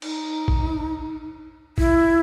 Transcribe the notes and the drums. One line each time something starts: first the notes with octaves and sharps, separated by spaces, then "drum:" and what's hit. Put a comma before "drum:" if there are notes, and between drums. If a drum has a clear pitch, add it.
D#4, drum: cymbal
drum: kick
E4, drum: kick